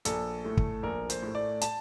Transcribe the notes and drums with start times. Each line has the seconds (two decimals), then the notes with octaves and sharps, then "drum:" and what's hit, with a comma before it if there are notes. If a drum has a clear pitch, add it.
0.05 A#1 A4, drum: hi-hat
0.44 A2 A3
0.57 drum: kick
0.83 A#1 A#4
1.10 C5, drum: hi-hat
1.22 A2 A3
1.35 D5
1.61 A5, drum: hi-hat